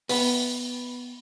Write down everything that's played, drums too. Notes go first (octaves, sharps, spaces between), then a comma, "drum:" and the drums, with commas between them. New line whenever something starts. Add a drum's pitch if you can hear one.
B3, drum: open hi-hat